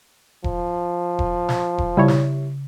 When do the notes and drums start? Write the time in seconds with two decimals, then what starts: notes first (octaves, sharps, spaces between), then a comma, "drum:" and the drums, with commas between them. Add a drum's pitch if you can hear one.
0.44 F3, drum: kick E1
1.19 drum: kick E1
1.49 drum: snare
1.78 drum: kick E1
1.97 C#3 G3 E4 C#5
2.08 drum: snare